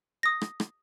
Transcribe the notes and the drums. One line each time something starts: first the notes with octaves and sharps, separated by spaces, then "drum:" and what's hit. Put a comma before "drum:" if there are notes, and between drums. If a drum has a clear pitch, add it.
D#6 A#6
drum: rim click
drum: rim click